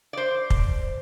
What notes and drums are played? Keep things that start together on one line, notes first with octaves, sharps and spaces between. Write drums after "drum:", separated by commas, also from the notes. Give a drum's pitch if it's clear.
C5 D5
drum: kick